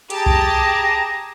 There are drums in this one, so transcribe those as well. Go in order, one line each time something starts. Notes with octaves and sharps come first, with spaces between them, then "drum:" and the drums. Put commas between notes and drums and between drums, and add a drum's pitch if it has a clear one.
G4 G#4 A5 A#5, drum: hi-hat
drum: kick B1